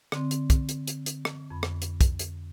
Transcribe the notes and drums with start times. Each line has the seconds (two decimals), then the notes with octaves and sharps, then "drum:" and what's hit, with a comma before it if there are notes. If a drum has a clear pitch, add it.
0.12 D3 C4, drum: rim click
0.31 drum: hi-hat
0.50 drum: kick, hi-hat
0.69 drum: hi-hat
0.88 drum: hi-hat
1.06 drum: hi-hat
1.25 drum: rim click
1.51 F2 B5
1.63 drum: rim click
1.82 drum: hi-hat
2.01 drum: kick, hi-hat
2.19 drum: hi-hat